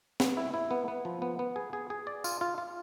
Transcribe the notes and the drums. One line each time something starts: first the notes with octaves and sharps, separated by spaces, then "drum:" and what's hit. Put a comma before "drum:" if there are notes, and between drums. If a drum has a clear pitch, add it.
B3, drum: snare
E4
E4
B3
B3
F3
B3
B3
G#4
G#4
G#4
D5
F4, drum: tambourine
F4
F4